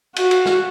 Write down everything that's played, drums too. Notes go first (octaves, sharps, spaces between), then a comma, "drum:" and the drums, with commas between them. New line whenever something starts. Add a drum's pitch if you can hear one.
F#4, drum: cymbal
drum: cymbal
drum: snare